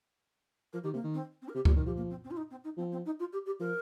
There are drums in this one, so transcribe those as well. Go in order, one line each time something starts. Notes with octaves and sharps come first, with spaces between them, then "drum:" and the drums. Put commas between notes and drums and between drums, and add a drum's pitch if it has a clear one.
F3 A#4
D#3 G4
C3 A#3
D#3
C4
C4
A#4
C3 G4
A#2 G4, drum: kick C#2
D#3 A#4
F3 G4
A#3
C4
C4
F4
D#4
C4
D#4
F3 C4
C4
D#4
F4
G4
G4
F3 A#4